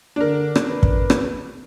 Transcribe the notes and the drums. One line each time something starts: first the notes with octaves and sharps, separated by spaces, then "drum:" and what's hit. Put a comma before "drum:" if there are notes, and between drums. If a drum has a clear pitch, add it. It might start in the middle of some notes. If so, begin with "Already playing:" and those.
D3 D4 A#4
drum: rim click
B4
drum: kick
drum: rim click